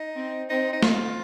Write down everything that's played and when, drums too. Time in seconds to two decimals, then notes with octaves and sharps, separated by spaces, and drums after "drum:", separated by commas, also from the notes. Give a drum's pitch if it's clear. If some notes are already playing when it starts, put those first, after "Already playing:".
Already playing: D#4
0.17 C4
0.50 C4 D#4
0.73 D#4
0.83 F4, drum: snare